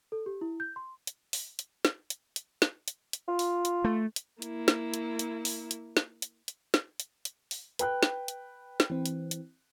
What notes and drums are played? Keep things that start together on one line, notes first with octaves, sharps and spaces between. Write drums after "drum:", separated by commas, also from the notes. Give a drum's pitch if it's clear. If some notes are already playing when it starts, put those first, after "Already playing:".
A4
G4
E4
G6
C6
drum: hi-hat
drum: open hi-hat
drum: hi-hat
drum: snare
drum: hi-hat
drum: hi-hat
drum: snare
drum: hi-hat
drum: hi-hat
F4
drum: open hi-hat
drum: hi-hat
A3
drum: hi-hat
A#3 E4, drum: hi-hat
drum: snare
drum: hi-hat
drum: hi-hat
drum: open hi-hat
drum: hi-hat
drum: snare
drum: hi-hat
drum: hi-hat
drum: snare
drum: hi-hat
drum: hi-hat
drum: open hi-hat
B4 G5 F#6, drum: hi-hat
drum: snare
drum: hi-hat
drum: snare
E3 C4
drum: hi-hat
drum: hi-hat